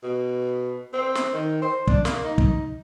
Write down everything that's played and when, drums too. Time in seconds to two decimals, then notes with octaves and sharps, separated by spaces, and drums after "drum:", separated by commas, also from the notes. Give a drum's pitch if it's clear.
0.03 B2
0.93 C4
1.15 drum: snare
1.34 D#3
1.62 C5
1.87 D4, drum: kick
2.05 A#3, drum: snare
2.25 D#4
2.38 drum: kick